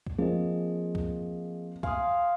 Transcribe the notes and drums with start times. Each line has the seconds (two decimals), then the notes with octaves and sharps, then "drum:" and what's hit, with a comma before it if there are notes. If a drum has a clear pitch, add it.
0.07 drum: kick
0.18 F3 A#3 C4 G#4 D#5
0.95 drum: kick
1.83 F5 G#5 C6 D#6, drum: kick